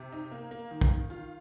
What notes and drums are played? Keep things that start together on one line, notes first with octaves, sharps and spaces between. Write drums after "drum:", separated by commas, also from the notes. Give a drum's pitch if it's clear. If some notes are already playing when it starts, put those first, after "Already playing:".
Already playing: C3
D#4
A#3
A#3
D#3
drum: kick
D#3
F4